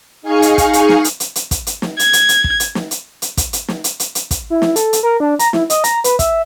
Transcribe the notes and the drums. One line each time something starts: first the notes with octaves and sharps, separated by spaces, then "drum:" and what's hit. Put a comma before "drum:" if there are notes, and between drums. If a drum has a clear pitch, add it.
D#4 G#4 F5 G#5 C#6 C#7
drum: hi-hat
drum: kick, hi-hat
drum: hi-hat
drum: snare
drum: hi-hat
drum: hi-hat
drum: hi-hat
drum: kick, hi-hat
drum: hi-hat
drum: snare
G#6, drum: hi-hat
drum: hi-hat
drum: hi-hat
drum: kick
drum: hi-hat
drum: snare
drum: hi-hat
drum: hi-hat
drum: kick, hi-hat
drum: hi-hat
drum: snare
drum: hi-hat
drum: hi-hat
drum: hi-hat
drum: kick, hi-hat
E4
drum: snare
A4, drum: hi-hat
drum: hi-hat
A#4
D4
A#5, drum: hi-hat
E4, drum: snare
D#5, drum: hi-hat
A#5, drum: hi-hat
B4, drum: hi-hat
E5, drum: kick, hi-hat